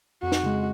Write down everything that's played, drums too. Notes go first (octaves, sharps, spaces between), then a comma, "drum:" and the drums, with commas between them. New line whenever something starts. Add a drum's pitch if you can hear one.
F2 F#4
drum: snare
C#3 G#3